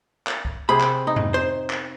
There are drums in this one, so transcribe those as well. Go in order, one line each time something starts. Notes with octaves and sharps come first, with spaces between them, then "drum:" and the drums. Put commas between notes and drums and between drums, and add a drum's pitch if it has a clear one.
drum: clap
drum: kick B1
C3 G#4 C5 B5
drum: clap
D#4
drum: tom F2
C5
drum: clap